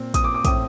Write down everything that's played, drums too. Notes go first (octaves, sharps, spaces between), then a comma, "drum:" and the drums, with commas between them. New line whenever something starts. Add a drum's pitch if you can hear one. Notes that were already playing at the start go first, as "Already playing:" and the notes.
Already playing: A#2 C4
D#6, drum: kick, hi-hat
D6
D6
A2 A3 C4 D#6, drum: kick, hi-hat